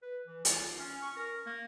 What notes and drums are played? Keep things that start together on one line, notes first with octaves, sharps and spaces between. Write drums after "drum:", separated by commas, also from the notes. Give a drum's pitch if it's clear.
B4
E3
F4, drum: hi-hat
C#4
C#6
A#4
A#3